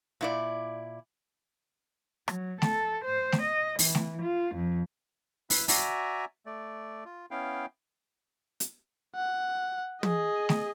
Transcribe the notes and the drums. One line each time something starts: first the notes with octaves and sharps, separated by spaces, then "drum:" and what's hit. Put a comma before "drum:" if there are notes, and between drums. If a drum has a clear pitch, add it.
A#2 E4 D5
F#3, drum: rim click
A4, drum: snare A3
C5
drum: snare A3
D#5
E3, drum: open hi-hat
drum: snare A3
F4
F2
E4 B4 E5, drum: open hi-hat
F#4 D5 E5 G#5 A#5, drum: open hi-hat
A3 D5
F4
B3 C#4 E4 F5 G5
drum: hi-hat
F#5
G#4 D#5, drum: tom
drum: snare A3